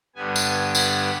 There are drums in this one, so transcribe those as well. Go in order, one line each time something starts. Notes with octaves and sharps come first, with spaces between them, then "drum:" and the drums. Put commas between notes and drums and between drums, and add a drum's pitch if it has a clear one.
G2 D3 G3 B3 G#5
drum: tambourine
B5, drum: tambourine